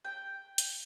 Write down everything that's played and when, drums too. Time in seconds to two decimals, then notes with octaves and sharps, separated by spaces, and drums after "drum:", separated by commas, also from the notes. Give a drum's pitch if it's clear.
0.05 G5
0.58 drum: hi-hat